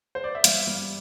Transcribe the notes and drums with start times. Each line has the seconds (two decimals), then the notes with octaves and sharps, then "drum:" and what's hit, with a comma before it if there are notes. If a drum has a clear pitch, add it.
0.15 C5
0.24 D5
0.35 E5
0.44 G3 F5, drum: hi-hat
0.67 G3